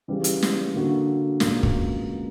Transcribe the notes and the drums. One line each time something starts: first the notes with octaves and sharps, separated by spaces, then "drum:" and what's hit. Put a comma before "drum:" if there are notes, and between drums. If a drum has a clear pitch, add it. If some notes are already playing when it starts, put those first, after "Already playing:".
C#3 E3 G3 B3
drum: hi-hat
drum: snare
D3 A#3 D4 F#4
C#2 B2 A#3, drum: snare
drum: kick